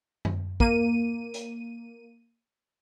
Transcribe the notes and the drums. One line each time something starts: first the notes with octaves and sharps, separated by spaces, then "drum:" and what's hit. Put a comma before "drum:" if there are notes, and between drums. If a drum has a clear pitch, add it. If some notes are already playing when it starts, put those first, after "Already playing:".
drum: tom F#2
A#3 D#7, drum: kick
drum: hi-hat